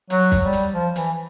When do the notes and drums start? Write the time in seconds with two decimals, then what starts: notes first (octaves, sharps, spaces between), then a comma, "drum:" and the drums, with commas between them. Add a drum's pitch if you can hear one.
0.10 F#3, drum: hi-hat
0.32 drum: kick, hi-hat
0.42 G3
0.53 drum: hi-hat
0.73 F3
0.96 E3, drum: hi-hat